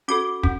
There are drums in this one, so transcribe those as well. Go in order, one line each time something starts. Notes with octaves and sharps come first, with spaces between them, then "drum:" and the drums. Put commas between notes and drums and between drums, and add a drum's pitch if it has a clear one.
C#4 F#4 A4 D6
C#4, drum: kick